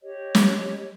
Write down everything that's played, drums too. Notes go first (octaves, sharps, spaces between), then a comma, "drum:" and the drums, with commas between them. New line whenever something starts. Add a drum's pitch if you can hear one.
G4 C#5 D#5
drum: snare